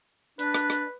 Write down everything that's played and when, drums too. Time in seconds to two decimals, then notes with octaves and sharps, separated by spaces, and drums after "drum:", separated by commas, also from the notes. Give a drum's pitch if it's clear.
0.39 D4 B4, drum: hi-hat
0.54 drum: rim click
0.70 drum: rim click